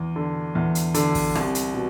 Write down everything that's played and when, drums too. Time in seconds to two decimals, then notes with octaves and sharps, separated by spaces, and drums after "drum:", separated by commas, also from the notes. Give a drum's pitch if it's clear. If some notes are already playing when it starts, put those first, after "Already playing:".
Already playing: E2
0.16 D3
0.55 E2
0.75 drum: hi-hat
0.94 D3, drum: hi-hat
1.15 drum: kick, open hi-hat
1.35 C2, drum: rim click
1.55 drum: hi-hat
1.74 B2